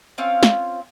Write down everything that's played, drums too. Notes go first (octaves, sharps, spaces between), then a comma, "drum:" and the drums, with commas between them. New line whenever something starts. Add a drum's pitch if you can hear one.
C4 C#4 F4 F5
drum: snare